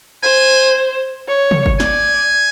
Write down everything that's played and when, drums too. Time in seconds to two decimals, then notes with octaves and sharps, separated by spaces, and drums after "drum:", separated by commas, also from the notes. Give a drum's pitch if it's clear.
0.23 C5 G#5
1.28 C#5
1.51 drum: tom
1.66 drum: kick G1
1.80 D5 G#5, drum: snare